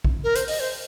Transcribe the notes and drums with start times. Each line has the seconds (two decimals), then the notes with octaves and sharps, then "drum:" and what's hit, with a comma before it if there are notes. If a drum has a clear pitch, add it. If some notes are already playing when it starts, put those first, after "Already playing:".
0.04 drum: kick A#1
0.24 A#4
0.35 C5, drum: hi-hat
0.48 D#5, drum: open hi-hat
0.60 C5